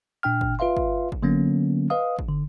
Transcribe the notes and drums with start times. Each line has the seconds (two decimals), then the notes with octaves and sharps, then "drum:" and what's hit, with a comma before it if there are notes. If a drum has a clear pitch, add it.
0.23 A#2 D4 G5 F6
0.41 drum: kick
0.59 F4 B4 E5 F5 C6
0.77 drum: kick
1.12 drum: kick
1.23 D3 F#3 A#3 B3 C#4
1.90 B4 D#5 F5 D#6
2.19 drum: kick
2.29 D3